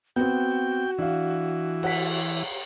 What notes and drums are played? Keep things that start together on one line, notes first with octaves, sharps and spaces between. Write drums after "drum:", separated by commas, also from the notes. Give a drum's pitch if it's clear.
B3 C4 F#4 G5
E3 D4 F5
F#5 B6, drum: cymbal